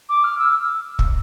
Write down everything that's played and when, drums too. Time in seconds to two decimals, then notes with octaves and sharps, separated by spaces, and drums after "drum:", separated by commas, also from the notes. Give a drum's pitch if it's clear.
0.09 D6
0.24 F6
0.38 E6
0.99 drum: kick